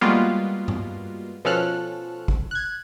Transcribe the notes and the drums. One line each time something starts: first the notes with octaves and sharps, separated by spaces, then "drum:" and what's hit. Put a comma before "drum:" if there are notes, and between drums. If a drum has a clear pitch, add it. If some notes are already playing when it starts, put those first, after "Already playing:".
G3 G#3 A#3 B3 F4 F#4
drum: tom G2
B2 F3 C#4 A4 F6 F#6
drum: kick
F#6 G#6